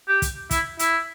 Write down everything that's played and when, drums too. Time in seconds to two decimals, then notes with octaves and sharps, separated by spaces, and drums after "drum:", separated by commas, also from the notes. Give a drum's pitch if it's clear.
0.08 G4
0.22 drum: kick, hi-hat
0.51 E4, drum: kick, hi-hat
0.79 E4, drum: hi-hat